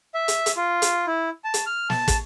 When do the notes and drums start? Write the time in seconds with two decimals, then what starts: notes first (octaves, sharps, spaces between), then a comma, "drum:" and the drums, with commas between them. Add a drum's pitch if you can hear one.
0.14 E5
0.28 drum: hi-hat
0.46 drum: hi-hat
0.57 F4
0.82 drum: hi-hat
1.07 E4
1.44 A5
1.54 drum: hi-hat
1.66 F6
1.90 A5, drum: snare
2.08 drum: kick, hi-hat